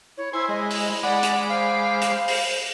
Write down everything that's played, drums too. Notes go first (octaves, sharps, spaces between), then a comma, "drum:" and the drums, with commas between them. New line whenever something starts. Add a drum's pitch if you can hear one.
E4 C#5
E4 C5 G#5 E6
G#3 D#5
drum: open hi-hat
G#3 D5 F#5 B5 D6
drum: hi-hat
C5 F5
drum: hi-hat
drum: open hi-hat